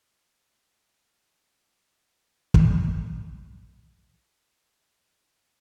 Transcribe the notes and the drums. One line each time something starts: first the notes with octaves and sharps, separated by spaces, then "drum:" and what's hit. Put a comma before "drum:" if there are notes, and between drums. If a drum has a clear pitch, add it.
E3 C#4 D4 C7 C#7
drum: kick
F4 C5 G5 A5